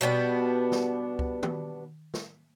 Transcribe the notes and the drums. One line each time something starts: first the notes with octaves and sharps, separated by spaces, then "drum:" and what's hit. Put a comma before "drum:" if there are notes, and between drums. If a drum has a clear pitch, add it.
B2 G3 B3 D4
drum: snare
drum: kick C#2
drum: tom D#3
drum: snare